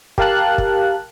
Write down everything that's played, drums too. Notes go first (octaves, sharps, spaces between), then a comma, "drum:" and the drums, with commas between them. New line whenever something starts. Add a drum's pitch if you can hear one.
G4 A#4 F5 A5 F#6, drum: kick
drum: kick